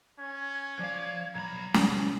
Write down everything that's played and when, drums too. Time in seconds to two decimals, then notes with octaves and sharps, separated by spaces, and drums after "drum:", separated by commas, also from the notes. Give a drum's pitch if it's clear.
0.18 C#4 G#6
0.79 F3 D5 F5
1.35 B1 A#5 B5
1.74 C3 G#3, drum: snare